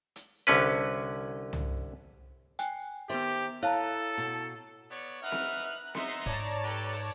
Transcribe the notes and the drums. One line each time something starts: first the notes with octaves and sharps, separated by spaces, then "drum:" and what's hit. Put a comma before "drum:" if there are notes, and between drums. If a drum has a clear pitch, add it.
drum: hi-hat
C2 D3 C#4 B4
drum: tom
G5 G#5 F#6, drum: hi-hat
D#3 B3 G4 C5 E5
E4 A4 C#5 F5 A5 A#5 F#6
B2
B3 C#5 D5
D#4 B4 E5 F#5 F6
drum: snare C4
F#6
B3 D#4 E5 A#5 C6 C#7, drum: snare C4
G#2 C#5 D5 A5, drum: kick
G4 A4 B4
drum: open hi-hat